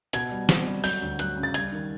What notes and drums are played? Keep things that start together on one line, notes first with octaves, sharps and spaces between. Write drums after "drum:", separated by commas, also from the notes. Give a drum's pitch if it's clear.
B2 G#6, drum: hi-hat
G3
C4, drum: snare
G3
F#3 G6, drum: open hi-hat
D2
F#3 F#6, drum: hi-hat
C#3
A6
G3 G#6, drum: hi-hat
D#3